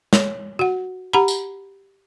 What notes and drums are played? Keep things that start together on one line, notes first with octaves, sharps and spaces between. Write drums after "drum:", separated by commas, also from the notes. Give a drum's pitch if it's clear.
C#5, drum: snare
F#4 F#5
G4 F#5 A#5 B5
drum: tambourine